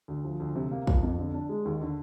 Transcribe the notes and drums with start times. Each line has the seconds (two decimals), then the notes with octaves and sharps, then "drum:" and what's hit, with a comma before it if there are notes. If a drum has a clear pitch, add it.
0.08 D2
0.24 F3
0.40 D2
0.56 C3
0.71 A#3
0.87 F3, drum: kick
1.03 F2
1.19 D3
1.34 D4
1.49 G#3
1.65 D#2
1.81 D3